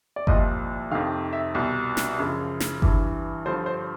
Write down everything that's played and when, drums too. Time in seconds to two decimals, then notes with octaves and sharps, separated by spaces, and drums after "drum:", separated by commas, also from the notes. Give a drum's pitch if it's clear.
0.16 D5
0.27 C2 A#2 F3 D#5, drum: kick G1
0.91 F2 C3 D#3 F5
1.33 E5
1.55 C2 B2
1.97 drum: snare
2.19 F#2 C#3 F3
2.60 drum: snare
2.82 G2 E3, drum: kick G1
3.45 G2 D3 F3 C5
3.66 C5